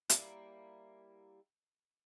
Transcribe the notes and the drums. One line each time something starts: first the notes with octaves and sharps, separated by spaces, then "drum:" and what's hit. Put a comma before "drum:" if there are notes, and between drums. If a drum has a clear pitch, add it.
G3 A#3 E4, drum: hi-hat